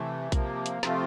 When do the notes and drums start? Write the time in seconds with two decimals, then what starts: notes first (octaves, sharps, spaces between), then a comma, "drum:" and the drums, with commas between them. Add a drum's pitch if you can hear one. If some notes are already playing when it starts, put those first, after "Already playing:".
Already playing: C3 E3 A3
0.32 C3 F3 A#3, drum: kick A#1, hi-hat
0.66 drum: hi-hat
0.83 C3 F3 A3 C4 F4, drum: snare